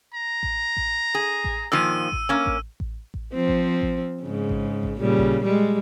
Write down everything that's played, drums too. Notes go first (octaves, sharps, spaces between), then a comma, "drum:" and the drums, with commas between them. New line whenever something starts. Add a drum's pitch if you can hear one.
A#5
drum: kick A1
drum: kick A1
G#4
drum: kick A1
A#2 D#3 F3 E6 D#7
drum: kick A1
A#3 C#4
drum: kick A1
drum: kick A1
drum: kick A1
F3 C4
drum: kick A1
drum: kick A1
G#2 C#3
drum: kick A1
drum: kick A1
A#2 C#3 G3
drum: kick A1
G3 G#3